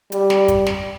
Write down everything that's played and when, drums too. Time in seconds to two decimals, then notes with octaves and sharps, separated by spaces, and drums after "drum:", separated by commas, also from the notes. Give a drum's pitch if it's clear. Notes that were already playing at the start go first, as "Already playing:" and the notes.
0.12 G3, drum: hi-hat
0.30 drum: snare
0.48 drum: kick, hi-hat
0.66 drum: snare